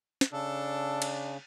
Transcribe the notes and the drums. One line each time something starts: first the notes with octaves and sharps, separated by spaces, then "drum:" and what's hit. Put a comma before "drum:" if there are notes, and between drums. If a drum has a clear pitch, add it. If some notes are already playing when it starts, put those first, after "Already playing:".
drum: snare
C#3 D4 A4
drum: cymbal